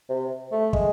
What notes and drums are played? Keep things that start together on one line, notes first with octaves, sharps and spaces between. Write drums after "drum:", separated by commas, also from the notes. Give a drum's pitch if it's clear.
C3
A3
G#3, drum: kick